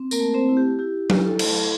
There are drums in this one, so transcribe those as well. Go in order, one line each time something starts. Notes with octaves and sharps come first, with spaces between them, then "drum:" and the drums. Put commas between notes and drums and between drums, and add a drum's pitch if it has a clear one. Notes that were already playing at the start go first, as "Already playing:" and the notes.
Already playing: C4
A#3 A#4, drum: tambourine
A3
C4 C5
E4
G4
E4 G4
E4, drum: tom F#3
A4
A3, drum: cymbal